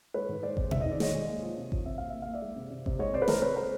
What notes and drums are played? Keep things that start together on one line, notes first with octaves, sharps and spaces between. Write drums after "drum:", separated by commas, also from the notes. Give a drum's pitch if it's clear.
G#3 B4 C#5
G#2
G#3 C5 D5
C4, drum: kick G#1
G#3 E5, drum: tom B2
D#3 D#5
D5
G#3 C#5 D#5, drum: snare
G#3
A#3
F3
C3
F3, drum: kick G#1
C3 E5
A#3 F5
A#3 E5
F5
A#3
D5 E5
G#3
C3
C3
C3, drum: kick G#1
G#3 C#5 D#5
C3 C5 D5
B4
G#3 A#4 C5, drum: snare
C3 B4 C#5
A#4 C5